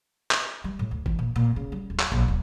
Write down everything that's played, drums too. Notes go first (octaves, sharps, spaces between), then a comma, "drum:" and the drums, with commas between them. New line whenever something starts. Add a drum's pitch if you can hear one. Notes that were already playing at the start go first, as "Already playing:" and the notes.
drum: clap
G3
A2
D2
E3, drum: kick G1
A#2
A#2
C#3
G3
D1
drum: clap
A#1
D1